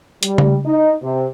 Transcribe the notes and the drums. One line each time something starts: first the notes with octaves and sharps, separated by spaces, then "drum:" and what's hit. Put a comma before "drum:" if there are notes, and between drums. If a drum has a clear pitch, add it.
G3, drum: hi-hat
drum: tom C#3
D#4
C3